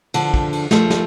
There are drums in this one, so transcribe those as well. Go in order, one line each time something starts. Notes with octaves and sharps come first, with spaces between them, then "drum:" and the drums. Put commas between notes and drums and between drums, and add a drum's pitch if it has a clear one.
D3 F3, drum: cymbal
drum: kick
drum: cymbal
F3 A3, drum: snare
drum: snare